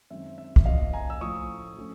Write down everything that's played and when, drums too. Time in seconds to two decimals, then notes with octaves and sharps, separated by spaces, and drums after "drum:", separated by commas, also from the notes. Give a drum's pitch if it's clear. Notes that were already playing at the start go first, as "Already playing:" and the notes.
0.10 F#2 D#3 G#3 C4 E5
0.38 E5
0.56 drum: kick
0.65 C#3 F3 A#3 C#4 D#5 F5
0.93 G#5 A#5
1.10 E6
1.21 A2 F3 A3 C#6 D#6
1.77 F3 A3 C#4